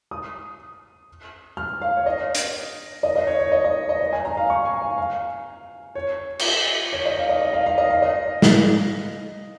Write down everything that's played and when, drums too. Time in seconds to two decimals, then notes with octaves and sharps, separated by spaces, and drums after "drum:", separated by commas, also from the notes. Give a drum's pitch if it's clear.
0.11 D#6
1.57 F6
1.82 F5
1.97 C#5
2.06 D#5
2.35 drum: hi-hat
3.03 D#5
3.15 D#5
3.27 C#5
3.40 C#5
3.52 D#5
3.64 D#5
3.89 D#5
4.01 D#5
4.13 G#5
4.25 A#5
4.37 F5
4.50 C#6
4.65 G#5
4.82 F5
4.98 F5
5.95 C#5
6.39 drum: cymbal
6.93 C#5
7.05 D#5
7.17 F5
7.29 D#5
7.41 D#5
7.53 F5
7.66 F5
7.78 D#5
7.90 F5
8.02 D#5
8.42 drum: snare